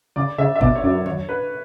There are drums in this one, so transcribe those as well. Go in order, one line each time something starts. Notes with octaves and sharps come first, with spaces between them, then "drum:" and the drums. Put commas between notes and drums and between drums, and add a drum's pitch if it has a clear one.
C#3 D5
C#3 E5
E5
B2 D5, drum: kick G1
C#5
F#2 D5
C#5, drum: tom D3
B4